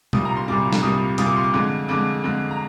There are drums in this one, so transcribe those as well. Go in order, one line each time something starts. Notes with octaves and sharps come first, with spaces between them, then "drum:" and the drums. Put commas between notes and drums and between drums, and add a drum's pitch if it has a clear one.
C2 A#2 G3 D#6, drum: tom A#2
A#5
C6
C2 A#2 G3 D6
drum: snare
C2 A#2 G3 D#6
C2 A#2 G3 D#6, drum: hi-hat
D6
C6
D6
F2 D3 G#3
F2 D3 G#3 D6
F2 D3 G#3
A#5